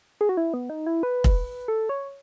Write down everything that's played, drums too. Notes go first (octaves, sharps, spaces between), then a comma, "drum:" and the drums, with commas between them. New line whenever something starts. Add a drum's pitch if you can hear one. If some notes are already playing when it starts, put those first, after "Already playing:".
G#4
F#4
E4
B3
D#4
E4
B4
drum: kick
A4
C#5